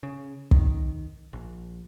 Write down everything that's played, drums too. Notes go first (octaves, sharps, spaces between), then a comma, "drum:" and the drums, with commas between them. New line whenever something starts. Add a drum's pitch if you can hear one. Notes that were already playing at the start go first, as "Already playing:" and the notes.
C#3
D#3, drum: kick
A#1